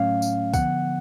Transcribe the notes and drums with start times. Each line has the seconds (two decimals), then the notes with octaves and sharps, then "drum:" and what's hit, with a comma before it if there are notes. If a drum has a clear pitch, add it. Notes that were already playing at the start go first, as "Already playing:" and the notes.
Already playing: A2 F#3 A3 C#4 F5
0.22 drum: tambourine
0.54 D3 F3 B3 F#5, drum: kick, tambourine